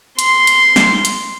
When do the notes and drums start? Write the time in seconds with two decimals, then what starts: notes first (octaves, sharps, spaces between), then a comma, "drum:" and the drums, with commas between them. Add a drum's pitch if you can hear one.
0.19 C6, drum: hi-hat
0.47 drum: hi-hat
0.76 drum: snare
1.05 drum: hi-hat